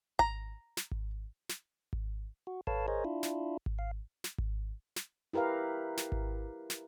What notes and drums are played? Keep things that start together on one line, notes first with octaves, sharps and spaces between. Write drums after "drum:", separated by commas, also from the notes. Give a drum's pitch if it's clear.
A#5, drum: kick G#1
drum: snare
drum: kick G#1
drum: snare
drum: kick G#1
F#4
A4 B4 C#5 F5 A5, drum: kick G#1
G#4 A#4 C5 C#5 D#5
D4 E4 F4
drum: snare
drum: kick G#1
F5
drum: snare
drum: kick G#1
drum: snare
E4 G4 A#4 B4 F5
drum: snare
drum: kick G#1
drum: snare